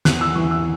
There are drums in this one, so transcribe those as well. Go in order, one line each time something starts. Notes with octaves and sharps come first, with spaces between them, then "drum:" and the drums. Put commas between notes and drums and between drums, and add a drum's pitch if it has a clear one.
E2 F#6, drum: snare
E6
E3 C#6
E6